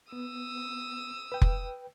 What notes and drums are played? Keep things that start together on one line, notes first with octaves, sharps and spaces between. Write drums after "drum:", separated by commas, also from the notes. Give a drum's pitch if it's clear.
B3 D#6 E6
B4 G5
drum: kick F1